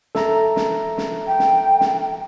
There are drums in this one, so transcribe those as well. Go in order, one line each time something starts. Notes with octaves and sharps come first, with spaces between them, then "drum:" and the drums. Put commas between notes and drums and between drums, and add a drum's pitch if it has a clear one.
A4 E5 A#5, drum: snare
drum: snare
drum: snare
G5
drum: snare
drum: snare